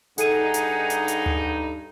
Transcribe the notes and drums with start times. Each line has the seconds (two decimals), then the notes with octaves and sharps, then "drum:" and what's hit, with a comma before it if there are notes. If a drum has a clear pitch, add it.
0.18 G2 D#4 G#4 A4 F#5 D#7, drum: hi-hat
0.54 drum: hi-hat
0.90 drum: hi-hat
1.08 drum: hi-hat
1.26 drum: tom D2